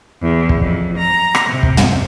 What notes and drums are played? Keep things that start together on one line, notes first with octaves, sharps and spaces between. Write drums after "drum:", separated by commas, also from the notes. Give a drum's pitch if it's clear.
E2
drum: kick
F2
A#5
drum: rim click
C3
drum: kick
drum: tom